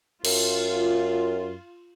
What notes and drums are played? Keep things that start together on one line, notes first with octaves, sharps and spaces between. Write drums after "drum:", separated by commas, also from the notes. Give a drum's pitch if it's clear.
F#2 F4, drum: cymbal